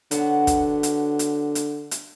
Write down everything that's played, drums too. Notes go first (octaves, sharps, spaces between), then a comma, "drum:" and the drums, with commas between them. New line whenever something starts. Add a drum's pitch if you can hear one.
D3 F#3 B3 F#4, drum: hi-hat
drum: kick, hi-hat
drum: hi-hat
drum: hi-hat
drum: hi-hat
drum: hi-hat